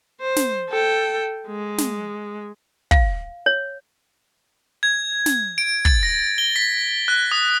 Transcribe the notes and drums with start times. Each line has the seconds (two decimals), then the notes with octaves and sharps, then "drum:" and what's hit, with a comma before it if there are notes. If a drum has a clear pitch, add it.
0.21 C5
0.36 drum: snare
0.70 A4 G5
1.48 G#3
1.78 drum: snare
2.91 F5, drum: kick
3.46 C#5
4.83 G#6
5.26 drum: snare
5.58 D7
5.85 A6, drum: kick
6.03 A#6
6.38 G7
6.56 B6
7.08 F#6
7.32 D#6